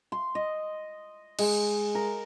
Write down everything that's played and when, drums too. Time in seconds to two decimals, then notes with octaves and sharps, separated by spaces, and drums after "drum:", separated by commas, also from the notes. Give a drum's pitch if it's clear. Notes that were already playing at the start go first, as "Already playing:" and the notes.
0.12 C6
0.35 D#5
1.39 G#3, drum: cymbal
1.95 A#4